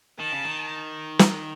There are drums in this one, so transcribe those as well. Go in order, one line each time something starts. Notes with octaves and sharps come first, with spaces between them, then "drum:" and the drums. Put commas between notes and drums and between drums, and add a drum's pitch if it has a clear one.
D#3 A5
C#3
D#3
drum: snare